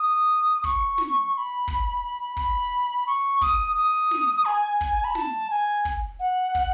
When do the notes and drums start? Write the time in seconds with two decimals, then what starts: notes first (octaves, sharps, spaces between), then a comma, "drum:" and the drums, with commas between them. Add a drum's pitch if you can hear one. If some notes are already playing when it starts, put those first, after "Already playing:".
Already playing: D#6
0.64 C#6, drum: kick
0.98 drum: snare
1.33 C#6
1.38 B5
1.68 drum: kick
2.37 B5, drum: kick
3.07 C#6
3.41 D#6, drum: kick
3.77 D#6
4.11 drum: snare
4.45 G#5
4.81 drum: kick
5.04 B5
5.15 A5, drum: snare
5.50 G#5
5.85 drum: kick
6.20 F#5
6.55 drum: kick